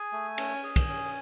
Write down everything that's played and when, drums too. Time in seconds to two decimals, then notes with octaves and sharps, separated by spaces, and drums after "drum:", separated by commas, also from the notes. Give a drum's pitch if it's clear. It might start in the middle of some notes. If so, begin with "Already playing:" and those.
Already playing: G#4 G#5
0.12 A3
0.38 C#4, drum: cymbal
0.64 G#4
0.76 drum: kick, cymbal
0.88 C#4